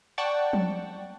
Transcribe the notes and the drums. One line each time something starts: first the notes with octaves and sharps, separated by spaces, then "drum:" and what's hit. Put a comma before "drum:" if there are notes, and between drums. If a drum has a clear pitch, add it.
D5 F#5 G5 A5 C#6 A6
drum: tom F3